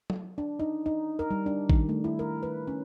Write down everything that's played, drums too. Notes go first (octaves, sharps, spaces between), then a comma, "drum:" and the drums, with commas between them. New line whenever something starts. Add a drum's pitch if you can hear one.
drum: tom F#3
D4
D#4
D#4
A#4
G3
D4
D#3, drum: kick A1
A3
E4
A#4
B4
C#4